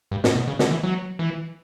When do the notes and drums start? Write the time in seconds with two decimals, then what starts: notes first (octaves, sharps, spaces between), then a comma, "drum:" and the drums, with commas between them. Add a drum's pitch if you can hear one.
0.11 G2
0.24 A2, drum: snare
0.36 B2
0.48 C#3
0.59 D3, drum: snare
0.71 E3
0.83 F#3
1.19 E3